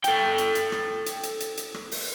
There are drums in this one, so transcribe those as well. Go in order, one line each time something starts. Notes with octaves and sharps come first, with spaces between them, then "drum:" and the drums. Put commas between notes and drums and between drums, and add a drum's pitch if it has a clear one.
A4 G5, drum: hi-hat
drum: hi-hat
drum: hi-hat
drum: rim click
drum: hi-hat
drum: hi-hat
drum: hi-hat
drum: hi-hat
drum: rim click
drum: open hi-hat